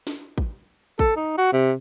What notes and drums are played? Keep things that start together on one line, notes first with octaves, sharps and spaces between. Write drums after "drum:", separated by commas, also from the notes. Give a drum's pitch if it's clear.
drum: snare
drum: kick
A4, drum: kick
D#4
F#4
C3